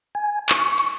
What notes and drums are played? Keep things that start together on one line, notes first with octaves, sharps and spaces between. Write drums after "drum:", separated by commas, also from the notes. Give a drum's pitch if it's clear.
G#5
C#6, drum: clap
drum: hi-hat